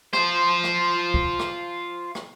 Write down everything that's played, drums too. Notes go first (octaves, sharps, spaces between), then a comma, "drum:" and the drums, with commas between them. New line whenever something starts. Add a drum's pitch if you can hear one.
F4 C5, drum: rim click
drum: rim click
drum: kick
drum: rim click
drum: rim click